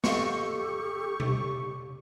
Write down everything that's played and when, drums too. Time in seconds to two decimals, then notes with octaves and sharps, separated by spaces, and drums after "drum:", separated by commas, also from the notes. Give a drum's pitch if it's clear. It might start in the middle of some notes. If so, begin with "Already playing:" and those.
0.04 F4 G4 A4 D#5 F5 C#6, drum: snare
1.20 drum: tom B2